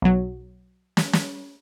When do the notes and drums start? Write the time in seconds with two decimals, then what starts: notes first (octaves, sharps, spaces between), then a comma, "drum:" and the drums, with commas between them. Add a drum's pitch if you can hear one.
0.02 B1 F#3
0.97 drum: snare
1.13 drum: snare